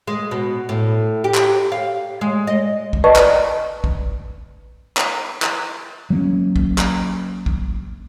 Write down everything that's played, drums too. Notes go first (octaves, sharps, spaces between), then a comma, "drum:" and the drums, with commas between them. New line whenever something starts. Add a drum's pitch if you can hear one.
G#3
B2
A2
G4
drum: clap
F5
G#3
D#5
drum: kick
B4 D5 D#5 A5 C#6
drum: clap
drum: kick
drum: clap
drum: clap
F#3 A#3 C#4
drum: kick
drum: clap
drum: kick